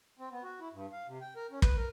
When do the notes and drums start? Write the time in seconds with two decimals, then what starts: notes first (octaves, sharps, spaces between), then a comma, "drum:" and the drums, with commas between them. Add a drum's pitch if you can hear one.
0.19 C4
0.32 B3
0.43 F#4
0.60 E4
0.73 G2
0.92 F5
1.08 C3
1.21 G5
1.36 A#4
1.51 C#4
1.62 B4, drum: kick
1.77 A#4